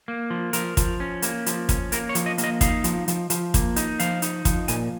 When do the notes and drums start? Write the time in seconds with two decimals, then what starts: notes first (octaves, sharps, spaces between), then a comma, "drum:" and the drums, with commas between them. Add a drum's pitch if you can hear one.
0.08 A#3
0.30 F3
0.53 F3 A#4, drum: hi-hat
0.77 F3, drum: kick, hi-hat
1.00 C#4
1.22 A#3, drum: hi-hat
1.46 F3, drum: hi-hat
1.69 C#4, drum: kick, hi-hat
1.92 A#3 A#4, drum: hi-hat
2.09 C#5
2.15 F3, drum: hi-hat
2.26 D#5
2.38 A#3, drum: hi-hat
2.44 D#5
2.61 D#4 F5, drum: kick, hi-hat
2.84 F3, drum: hi-hat
3.08 F3, drum: hi-hat
3.30 F3, drum: hi-hat
3.54 A#3, drum: kick, hi-hat
3.76 D#4, drum: hi-hat
4.00 F3 F5, drum: hi-hat
4.22 D#4, drum: hi-hat
4.45 F3, drum: kick, hi-hat
4.68 A#2 G#5, drum: hi-hat